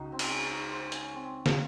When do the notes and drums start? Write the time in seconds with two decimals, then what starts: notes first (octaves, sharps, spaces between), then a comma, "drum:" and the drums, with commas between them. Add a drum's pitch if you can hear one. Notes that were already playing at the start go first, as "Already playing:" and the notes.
Already playing: C#2 C#3 D#4 F#4
0.12 C4
0.19 C#4, drum: cymbal
0.50 D#4
0.71 C5
0.92 C#4, drum: hi-hat
1.14 C4
1.46 A#3, drum: snare